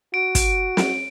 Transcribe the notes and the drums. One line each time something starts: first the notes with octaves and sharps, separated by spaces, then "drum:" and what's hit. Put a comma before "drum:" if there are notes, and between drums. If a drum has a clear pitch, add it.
F#4 D7
drum: kick, hi-hat
drum: snare